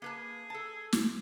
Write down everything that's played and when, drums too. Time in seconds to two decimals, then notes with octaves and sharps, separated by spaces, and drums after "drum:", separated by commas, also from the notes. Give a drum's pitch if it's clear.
0.02 A#3 G#4 B4 A5
0.50 A4 A5
0.93 drum: snare